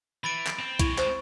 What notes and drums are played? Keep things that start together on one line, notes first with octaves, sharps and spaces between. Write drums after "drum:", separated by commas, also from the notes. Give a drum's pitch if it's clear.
E3 B5 A6 D7
drum: clap
C4
G#3 C4 E4 C#6, drum: kick B1, hi-hat
C5, drum: clap